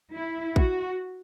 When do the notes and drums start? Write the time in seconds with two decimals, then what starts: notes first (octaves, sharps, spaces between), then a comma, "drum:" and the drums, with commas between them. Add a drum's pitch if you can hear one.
0.13 E4
0.56 F#4, drum: kick